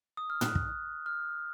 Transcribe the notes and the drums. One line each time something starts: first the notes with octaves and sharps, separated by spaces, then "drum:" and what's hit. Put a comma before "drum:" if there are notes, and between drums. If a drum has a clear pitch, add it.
D#6
F6
F#6, drum: tom
drum: kick
F6